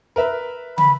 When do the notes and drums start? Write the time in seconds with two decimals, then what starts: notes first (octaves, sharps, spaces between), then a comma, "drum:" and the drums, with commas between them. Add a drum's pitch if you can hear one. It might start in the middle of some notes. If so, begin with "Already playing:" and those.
0.16 A#4 B4 E5
0.78 B5, drum: tom